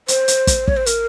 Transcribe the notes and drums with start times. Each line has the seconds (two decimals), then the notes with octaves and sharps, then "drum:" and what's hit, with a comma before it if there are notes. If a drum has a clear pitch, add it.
0.08 C5, drum: hi-hat
0.28 drum: hi-hat
0.47 drum: kick, hi-hat
0.68 C#5, drum: kick
0.77 C5
0.86 A#4, drum: hi-hat